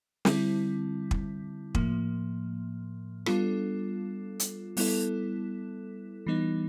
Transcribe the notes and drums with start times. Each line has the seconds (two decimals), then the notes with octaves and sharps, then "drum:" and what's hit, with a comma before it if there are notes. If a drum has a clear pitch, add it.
0.25 D3 G3 C4 E4, drum: snare
1.11 drum: kick
1.75 A2 F3 A#3, drum: kick
3.26 G3 B3 D4 F4 A4, drum: rim click
4.40 drum: hi-hat
4.77 G3 B3 E4 A4, drum: open hi-hat
6.27 E3 G3 B3 D#4